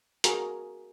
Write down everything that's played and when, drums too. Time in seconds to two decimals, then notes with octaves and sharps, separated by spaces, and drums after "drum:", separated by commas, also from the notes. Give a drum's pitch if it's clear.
0.24 F#4 G#4 A#4, drum: hi-hat